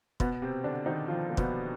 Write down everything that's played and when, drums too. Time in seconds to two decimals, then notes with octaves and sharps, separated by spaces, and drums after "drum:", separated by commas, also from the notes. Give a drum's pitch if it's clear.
0.20 B2 B3, drum: kick
0.42 C3 C4
0.64 D3 D4
0.86 D#3 D#4
1.08 F3 F4
1.30 A#3
1.37 B2 B3, drum: kick